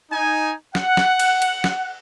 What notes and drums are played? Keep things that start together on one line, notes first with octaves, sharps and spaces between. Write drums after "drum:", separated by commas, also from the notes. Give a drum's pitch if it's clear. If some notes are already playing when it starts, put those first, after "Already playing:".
D#4 G#5
F#5, drum: snare
drum: snare
drum: cymbal
drum: cymbal
drum: snare